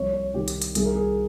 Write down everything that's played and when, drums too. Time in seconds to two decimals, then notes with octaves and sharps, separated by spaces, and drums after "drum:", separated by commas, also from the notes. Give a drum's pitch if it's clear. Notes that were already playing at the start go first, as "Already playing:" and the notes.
Already playing: C2 C3 F3 C#5
0.13 C#5
0.34 C2 C3 D#3 G4
0.48 drum: hi-hat
0.62 drum: hi-hat
0.75 C2 C3 D#3 G#4, drum: hi-hat
0.85 A#4
0.96 G#4